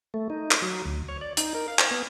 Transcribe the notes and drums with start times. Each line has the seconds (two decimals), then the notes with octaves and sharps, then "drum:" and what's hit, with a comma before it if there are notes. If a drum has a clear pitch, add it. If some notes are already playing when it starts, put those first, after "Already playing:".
0.14 A3
0.30 D#4
0.51 drum: clap
0.62 F#3
0.85 D2
1.09 C#5
1.21 D5
1.37 D#4, drum: hi-hat
1.55 A#4
1.68 F5
1.79 drum: clap
1.91 B3